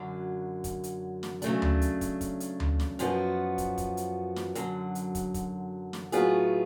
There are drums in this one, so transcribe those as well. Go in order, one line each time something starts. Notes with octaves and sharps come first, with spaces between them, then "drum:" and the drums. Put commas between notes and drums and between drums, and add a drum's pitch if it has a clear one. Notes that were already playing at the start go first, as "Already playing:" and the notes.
Already playing: F#2 D3 F#3
drum: kick, hi-hat
drum: hi-hat
drum: snare
C#3 F#3 A3 D4, drum: hi-hat
drum: tom D2
drum: hi-hat
drum: kick, hi-hat
drum: kick, hi-hat
drum: hi-hat
drum: tom D2
drum: snare
F#2 F3 B3 F#4, drum: hi-hat
drum: kick, hi-hat
drum: kick, hi-hat
drum: hi-hat
drum: snare
F#2 D3 F#3, drum: hi-hat
drum: hi-hat
drum: kick, hi-hat
drum: kick, hi-hat
drum: snare
A2 F#3 B3 F4 G#4, drum: hi-hat